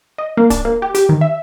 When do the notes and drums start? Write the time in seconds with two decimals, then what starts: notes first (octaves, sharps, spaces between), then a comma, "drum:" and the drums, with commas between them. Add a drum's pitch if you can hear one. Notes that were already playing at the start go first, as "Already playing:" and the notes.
0.18 D#5
0.37 A#3
0.50 D4, drum: kick D1, hi-hat
0.65 A#3
0.82 G4
0.95 G4, drum: hi-hat
1.09 D#3
1.21 E5